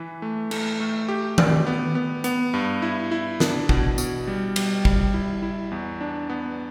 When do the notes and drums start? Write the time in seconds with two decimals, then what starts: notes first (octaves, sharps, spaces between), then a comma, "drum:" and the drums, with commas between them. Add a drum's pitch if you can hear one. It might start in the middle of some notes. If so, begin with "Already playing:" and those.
Already playing: E3 B4
0.22 A3
0.51 A3, drum: cymbal
0.80 A3
1.08 G4
1.38 D5, drum: tom D#3
1.67 B3
1.95 B3
2.24 B3, drum: hi-hat
2.54 G2
2.82 E4
3.11 E4
3.40 D4, drum: snare
3.69 B2, drum: kick G#1
3.98 B2, drum: tambourine
4.27 G3
4.56 G3, drum: cymbal
4.85 G3, drum: kick G#1
5.14 E4
5.42 E4
5.71 E2
6.01 D4
6.30 B3